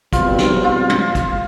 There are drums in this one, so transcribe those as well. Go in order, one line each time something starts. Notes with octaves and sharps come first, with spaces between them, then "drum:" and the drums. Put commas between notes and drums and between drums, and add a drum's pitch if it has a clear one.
E2 B2 G3 C4 F4, drum: kick, hi-hat
drum: snare
F4
drum: tom
drum: kick, hi-hat